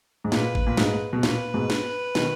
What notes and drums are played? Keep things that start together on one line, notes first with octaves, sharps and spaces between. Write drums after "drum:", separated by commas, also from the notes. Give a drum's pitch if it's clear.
G#2
A#2 B4, drum: snare
drum: kick
A#2
G#2, drum: snare
B2
A#2 B4, drum: snare
G#2 B2
drum: snare
B2 D#3, drum: snare